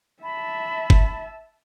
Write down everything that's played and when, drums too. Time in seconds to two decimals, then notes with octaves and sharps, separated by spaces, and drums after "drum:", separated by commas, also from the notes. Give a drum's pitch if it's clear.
0.23 E5 A5 B5
0.90 drum: kick